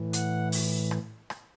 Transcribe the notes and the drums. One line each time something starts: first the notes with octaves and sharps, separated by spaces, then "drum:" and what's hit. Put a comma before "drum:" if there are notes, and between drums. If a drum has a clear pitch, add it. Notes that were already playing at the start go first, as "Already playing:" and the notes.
Already playing: A2 E3
F#5, drum: hi-hat
drum: open hi-hat
drum: rim click
drum: rim click